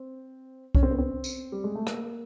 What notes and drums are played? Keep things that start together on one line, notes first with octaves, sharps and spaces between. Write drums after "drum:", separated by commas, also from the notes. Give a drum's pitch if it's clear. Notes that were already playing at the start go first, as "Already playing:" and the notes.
Already playing: C4
C#4, drum: kick C2
C4
B3
C4
drum: tambourine
G3
G#3
A3
A#3, drum: rim click